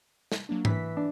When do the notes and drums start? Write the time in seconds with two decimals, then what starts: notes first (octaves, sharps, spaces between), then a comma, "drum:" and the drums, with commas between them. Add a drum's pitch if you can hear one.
0.32 drum: snare
0.49 F#3 A#3 D4
0.65 E3 B6, drum: tom G#2
0.97 D4